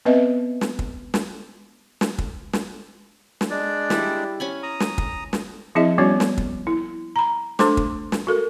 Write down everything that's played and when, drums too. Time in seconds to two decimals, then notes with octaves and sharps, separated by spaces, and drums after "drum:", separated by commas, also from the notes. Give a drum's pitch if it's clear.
0.05 B3 C4 B4 D#5 E5
0.61 drum: snare
0.79 drum: kick
1.14 drum: snare
2.01 drum: snare
2.18 drum: kick
2.53 drum: snare
3.41 drum: snare
3.50 G#3 D4 D5
3.90 G3 E4, drum: snare
4.40 C#4 G#5 B5
4.63 A#5 D#6
4.80 drum: snare
4.98 drum: kick
5.33 drum: snare
5.75 F3 C4 E4 G#4 D#5 E5
5.98 G3 B3 C#4 F#4 C#5
6.20 drum: snare
6.38 drum: kick
6.67 E4
7.16 A#5 B5
7.59 A3 D4 A4 C5 C6 D6, drum: snare
7.77 drum: kick
8.12 drum: snare
8.27 F#4 A4 A#4